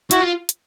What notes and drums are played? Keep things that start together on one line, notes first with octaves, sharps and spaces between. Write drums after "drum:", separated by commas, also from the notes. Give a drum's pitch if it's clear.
E4 F#4, drum: hi-hat
F4
drum: hi-hat